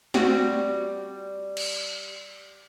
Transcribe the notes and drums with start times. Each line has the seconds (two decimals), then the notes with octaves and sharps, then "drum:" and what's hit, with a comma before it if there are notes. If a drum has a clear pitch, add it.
0.14 G3 C4 F#4, drum: snare
1.57 drum: cymbal